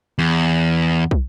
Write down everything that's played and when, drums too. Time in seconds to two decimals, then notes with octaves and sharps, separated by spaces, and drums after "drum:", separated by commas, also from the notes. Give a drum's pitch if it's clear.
0.18 E2
1.11 drum: kick